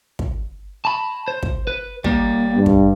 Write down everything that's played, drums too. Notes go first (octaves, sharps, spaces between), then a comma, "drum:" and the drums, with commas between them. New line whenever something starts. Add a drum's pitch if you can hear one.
drum: kick
A5 B5
C5
drum: kick
B4
G3 A#3, drum: kick
G2
drum: kick